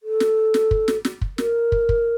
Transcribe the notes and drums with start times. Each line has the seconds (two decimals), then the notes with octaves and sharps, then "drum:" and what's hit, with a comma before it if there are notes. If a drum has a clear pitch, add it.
0.03 A4
0.20 drum: snare
0.54 drum: snare
0.71 drum: kick
0.88 drum: snare
1.05 drum: snare
1.21 drum: kick
1.38 A#4, drum: snare
1.72 drum: kick
1.89 drum: kick